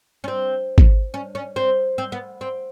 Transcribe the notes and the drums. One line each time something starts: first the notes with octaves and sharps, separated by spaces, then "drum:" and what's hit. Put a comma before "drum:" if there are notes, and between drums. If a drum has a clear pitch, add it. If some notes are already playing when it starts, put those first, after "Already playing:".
C#4
C4
drum: kick
C#4
C#4
C4
C4
B3
C4